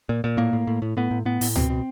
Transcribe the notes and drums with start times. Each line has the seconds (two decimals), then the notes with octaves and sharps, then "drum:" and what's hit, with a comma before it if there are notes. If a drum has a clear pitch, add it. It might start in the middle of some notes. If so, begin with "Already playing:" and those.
0.09 A#2
0.24 A#2
0.37 A2 A#3
0.53 A2
0.67 A2
0.82 A2
0.97 A2 B3
1.11 A2
1.25 A2 B3
1.41 A2, drum: open hi-hat
1.56 B2 C4, drum: tom C#2
1.70 B2